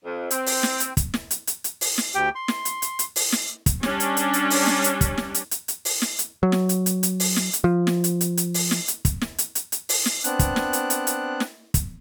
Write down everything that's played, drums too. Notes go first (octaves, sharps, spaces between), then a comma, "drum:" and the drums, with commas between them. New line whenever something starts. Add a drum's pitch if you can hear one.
F2
C4, drum: hi-hat
drum: open hi-hat
drum: snare
drum: hi-hat
drum: kick, hi-hat
drum: snare
drum: hi-hat
drum: hi-hat
drum: hi-hat
drum: open hi-hat
drum: snare
D2 G4 G5
C6
drum: snare
drum: hi-hat
drum: hi-hat
drum: hi-hat
drum: open hi-hat
drum: snare
drum: kick, hi-hat
G3 C#4 D4, drum: snare
drum: hi-hat
drum: hi-hat
drum: hi-hat
drum: open hi-hat
drum: snare
drum: hi-hat
drum: kick, hi-hat
drum: snare
drum: hi-hat
drum: hi-hat
drum: hi-hat
drum: open hi-hat
drum: snare
drum: hi-hat
F#3
drum: snare
drum: hi-hat
drum: hi-hat
drum: hi-hat
drum: open hi-hat
drum: snare
drum: hi-hat
F3
drum: snare
drum: hi-hat
drum: hi-hat
drum: hi-hat
drum: open hi-hat
drum: snare
drum: hi-hat
drum: kick, hi-hat
drum: snare
drum: hi-hat
drum: hi-hat
drum: hi-hat
drum: open hi-hat
drum: snare
B3 C4 D4 F#6, drum: hi-hat
drum: kick, hi-hat
drum: snare
drum: hi-hat
drum: hi-hat
drum: hi-hat
drum: snare
drum: kick, hi-hat